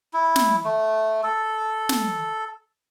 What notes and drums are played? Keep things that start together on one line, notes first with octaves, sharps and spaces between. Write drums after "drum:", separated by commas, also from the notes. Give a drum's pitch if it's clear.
E4
drum: snare
A3
A4
drum: snare